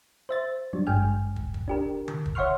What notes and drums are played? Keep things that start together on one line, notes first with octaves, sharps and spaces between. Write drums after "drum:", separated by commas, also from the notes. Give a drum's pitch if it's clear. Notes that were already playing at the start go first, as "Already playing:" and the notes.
C5 E5 A6
F#3 G3 D4
G#1 G2 G#3 G5 G#5 F6
drum: kick
drum: kick
D4 G4 A#4
drum: tom D3
drum: kick
C#5 E5 F#5 C6 C#6 F6